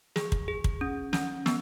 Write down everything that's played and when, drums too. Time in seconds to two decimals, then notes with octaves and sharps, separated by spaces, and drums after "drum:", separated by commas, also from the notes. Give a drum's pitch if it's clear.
0.16 G#4, drum: snare
0.32 drum: kick
0.48 G#4
0.64 drum: kick
0.81 C#4
1.13 C#4, drum: snare
1.46 B3, drum: snare